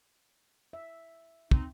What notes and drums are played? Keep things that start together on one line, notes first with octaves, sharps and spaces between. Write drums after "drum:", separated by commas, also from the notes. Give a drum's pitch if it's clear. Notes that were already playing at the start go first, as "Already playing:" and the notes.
E5
C4 D#4, drum: kick